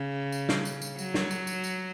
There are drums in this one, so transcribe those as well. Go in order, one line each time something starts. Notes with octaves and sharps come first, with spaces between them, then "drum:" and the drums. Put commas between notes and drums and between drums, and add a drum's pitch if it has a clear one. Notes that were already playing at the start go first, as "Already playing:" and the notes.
Already playing: C#3
drum: tambourine
drum: snare
drum: tambourine
drum: tambourine
F#3, drum: tambourine
drum: snare
drum: tambourine
drum: tambourine
drum: tambourine